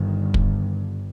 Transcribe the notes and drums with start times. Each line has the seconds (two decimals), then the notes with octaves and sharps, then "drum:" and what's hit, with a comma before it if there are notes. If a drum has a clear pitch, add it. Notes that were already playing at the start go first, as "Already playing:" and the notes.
Already playing: G1 G2 D#3
0.34 drum: kick